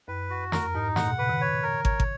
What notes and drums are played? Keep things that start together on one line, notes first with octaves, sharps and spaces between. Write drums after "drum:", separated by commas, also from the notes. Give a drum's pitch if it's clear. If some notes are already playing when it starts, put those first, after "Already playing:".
F#2 B4
F#4
F2 A#4, drum: snare
G#2 D#4
A#2 F#5, drum: snare
B2
C#3 B4
D#3
C#5
A#4
C#5, drum: kick
drum: kick